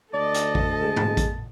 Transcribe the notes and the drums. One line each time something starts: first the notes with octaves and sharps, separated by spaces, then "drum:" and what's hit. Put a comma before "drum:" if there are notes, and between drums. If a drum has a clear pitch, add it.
D2 A4 D5 D#5 A5
drum: hi-hat
drum: kick A1
G#3
drum: tom
drum: kick A1, hi-hat